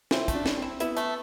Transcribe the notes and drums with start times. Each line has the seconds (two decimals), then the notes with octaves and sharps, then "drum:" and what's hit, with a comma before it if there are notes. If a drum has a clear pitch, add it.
0.11 C4 E4, drum: snare
0.28 A3, drum: kick, hi-hat
0.34 D4
0.46 E4, drum: snare
0.57 C4
0.62 E4
0.80 B3 E4, drum: hi-hat
0.97 A3, drum: hi-hat